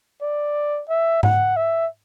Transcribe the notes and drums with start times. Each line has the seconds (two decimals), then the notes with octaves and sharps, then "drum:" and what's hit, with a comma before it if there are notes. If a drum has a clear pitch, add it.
0.21 D5
0.89 E5
1.23 F#5, drum: tom G#2
1.57 E5